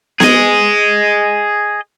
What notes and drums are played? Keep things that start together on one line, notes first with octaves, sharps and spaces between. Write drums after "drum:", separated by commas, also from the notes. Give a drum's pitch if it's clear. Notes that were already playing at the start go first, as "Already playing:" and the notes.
G#4 D#5, drum: snare B3